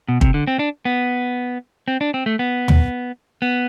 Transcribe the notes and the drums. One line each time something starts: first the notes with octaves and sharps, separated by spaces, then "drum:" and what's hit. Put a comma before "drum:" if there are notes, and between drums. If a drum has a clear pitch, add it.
B2
C3, drum: kick
D3
C4
D4
B3
C4
D4
C4
A3
B3
drum: tom
B3